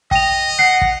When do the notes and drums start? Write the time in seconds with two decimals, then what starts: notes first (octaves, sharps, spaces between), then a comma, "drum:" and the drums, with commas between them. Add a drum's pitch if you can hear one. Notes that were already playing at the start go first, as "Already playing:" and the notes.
0.11 D#5 G5 F7, drum: kick
0.59 F#5 C7
0.82 drum: kick